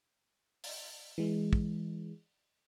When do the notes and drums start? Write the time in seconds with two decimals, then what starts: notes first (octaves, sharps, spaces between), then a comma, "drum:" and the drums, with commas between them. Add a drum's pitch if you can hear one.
0.64 drum: open hi-hat
1.18 E3 G#3
1.53 drum: kick